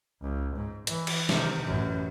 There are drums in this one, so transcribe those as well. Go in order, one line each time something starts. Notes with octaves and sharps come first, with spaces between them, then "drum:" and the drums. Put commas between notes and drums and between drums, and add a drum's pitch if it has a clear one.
C#2
G#2
E3, drum: hi-hat
drum: cymbal
C3 D#3, drum: snare
A1 F#2